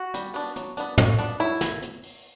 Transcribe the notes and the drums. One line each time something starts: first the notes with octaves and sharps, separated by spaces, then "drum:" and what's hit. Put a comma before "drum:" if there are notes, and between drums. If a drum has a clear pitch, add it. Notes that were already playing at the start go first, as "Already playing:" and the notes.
Already playing: F#4
G3, drum: hi-hat
B3 D4, drum: open hi-hat
F#3, drum: hi-hat
B3 D4, drum: hi-hat
F#3, drum: tom
B3 D4, drum: hi-hat
F#3 E4
drum: snare
drum: hi-hat
drum: open hi-hat